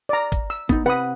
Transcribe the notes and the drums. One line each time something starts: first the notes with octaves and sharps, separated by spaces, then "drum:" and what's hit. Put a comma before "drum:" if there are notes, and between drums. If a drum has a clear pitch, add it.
D5 A#5
drum: kick, hi-hat
E6
B3 D#4, drum: kick, hi-hat
C3 B4 F#5 B5 D#6